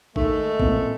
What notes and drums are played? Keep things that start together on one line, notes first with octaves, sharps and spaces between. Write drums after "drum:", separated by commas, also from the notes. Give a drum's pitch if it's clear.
D#2 G#3 A3, drum: kick A1
A1 A#2 C4, drum: kick A1